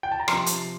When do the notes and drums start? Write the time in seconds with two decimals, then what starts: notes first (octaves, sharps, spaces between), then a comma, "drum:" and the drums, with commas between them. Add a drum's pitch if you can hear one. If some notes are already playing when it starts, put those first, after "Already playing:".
0.03 G5
0.11 A5
0.20 A#5
0.28 C3 F3 C6, drum: rim click
0.46 drum: hi-hat